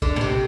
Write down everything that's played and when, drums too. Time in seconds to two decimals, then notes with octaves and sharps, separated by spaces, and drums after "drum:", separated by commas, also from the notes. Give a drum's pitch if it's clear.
0.02 D3, drum: kick G1, tambourine
0.16 B2
0.21 C3, drum: tambourine